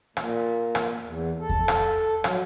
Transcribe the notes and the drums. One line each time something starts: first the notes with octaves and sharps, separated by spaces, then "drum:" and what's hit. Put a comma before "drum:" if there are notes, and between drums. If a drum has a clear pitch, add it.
A#2, drum: rim click
drum: rim click
E2
A4
drum: kick E2
drum: rim click
F#3, drum: rim click